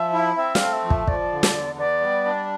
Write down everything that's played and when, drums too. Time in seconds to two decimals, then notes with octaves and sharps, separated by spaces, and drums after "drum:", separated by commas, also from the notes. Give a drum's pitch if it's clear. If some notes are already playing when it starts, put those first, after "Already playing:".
Already playing: F3 E5
0.13 E4
0.37 C4 E5
0.55 F5, drum: snare
0.61 A3
0.73 E5
0.84 F3
0.90 E5, drum: kick
1.08 F3 D5, drum: kick
1.32 D3
1.43 drum: snare
1.54 E2
1.78 B3 D5
2.02 G3
2.26 D4